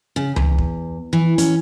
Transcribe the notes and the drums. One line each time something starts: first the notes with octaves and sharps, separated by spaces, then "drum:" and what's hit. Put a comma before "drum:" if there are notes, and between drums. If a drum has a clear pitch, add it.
C#3
E2, drum: tom C#2
drum: kick
E3
C#4, drum: hi-hat